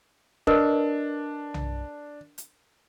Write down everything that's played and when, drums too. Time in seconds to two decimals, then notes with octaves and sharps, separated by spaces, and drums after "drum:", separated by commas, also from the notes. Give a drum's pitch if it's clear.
0.47 D4 A#4 B4 D#5, drum: kick E1
1.54 drum: tom B1
2.38 drum: hi-hat